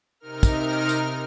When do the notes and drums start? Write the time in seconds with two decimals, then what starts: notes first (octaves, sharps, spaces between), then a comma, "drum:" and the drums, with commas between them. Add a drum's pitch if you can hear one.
0.20 C3 D#4 A#4 F6
0.43 drum: kick, tambourine
0.89 drum: tambourine